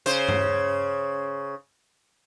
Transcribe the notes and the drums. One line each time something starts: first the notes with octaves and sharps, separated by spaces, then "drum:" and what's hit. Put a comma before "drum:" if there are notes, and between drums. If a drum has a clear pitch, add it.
C#3 C5, drum: hi-hat
drum: tom G2